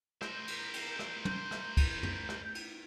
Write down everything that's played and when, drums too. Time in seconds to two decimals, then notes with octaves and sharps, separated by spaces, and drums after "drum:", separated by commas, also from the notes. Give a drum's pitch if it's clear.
0.22 A#4 C5 G6, drum: rim click
0.48 drum: cymbal
0.73 drum: cymbal
0.99 drum: rim click
1.25 drum: tom
1.51 drum: rim click
1.77 drum: kick, cymbal
2.03 drum: tom F#2
2.29 drum: rim click
2.55 drum: cymbal